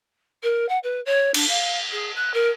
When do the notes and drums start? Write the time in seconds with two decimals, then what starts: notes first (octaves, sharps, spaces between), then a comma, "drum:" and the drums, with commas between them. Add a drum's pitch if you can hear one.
0.43 A#4
0.68 F#5
0.83 B4
1.05 C#5
1.34 D4, drum: cymbal
1.48 F5
1.91 G#4
2.15 F#6
2.33 A#4